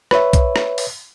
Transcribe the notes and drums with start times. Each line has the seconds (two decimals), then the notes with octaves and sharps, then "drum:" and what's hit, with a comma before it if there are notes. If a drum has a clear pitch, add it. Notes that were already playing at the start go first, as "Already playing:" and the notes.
0.11 B4 C#5 E5, drum: rim click
0.33 drum: kick B1, hi-hat
0.56 drum: rim click
0.78 drum: open hi-hat